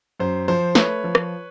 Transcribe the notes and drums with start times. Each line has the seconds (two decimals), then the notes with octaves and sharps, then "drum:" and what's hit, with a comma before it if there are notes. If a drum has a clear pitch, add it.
0.20 F#2 C5
0.48 F3 C5
0.75 A3 B4 C#5, drum: snare
1.04 F3
1.15 drum: rim click